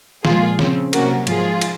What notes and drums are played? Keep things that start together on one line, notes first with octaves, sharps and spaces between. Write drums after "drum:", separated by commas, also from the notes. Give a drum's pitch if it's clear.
A#2 F3 G#3 F4 G#4, drum: snare
C#3 F3 C4, drum: snare
C3 F#3 A#3 C#4 F#4 A#4, drum: cymbal
G#2 F3 G#3 F4 G#4, drum: cymbal
drum: cymbal